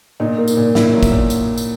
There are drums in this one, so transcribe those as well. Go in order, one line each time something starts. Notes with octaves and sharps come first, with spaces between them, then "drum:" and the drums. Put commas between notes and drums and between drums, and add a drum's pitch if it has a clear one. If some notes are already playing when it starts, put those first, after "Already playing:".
A#2 D#4
A#3
drum: tambourine
A#2
A#2 E4, drum: snare
F#3
drum: kick, tambourine
A#2
drum: tambourine
drum: tambourine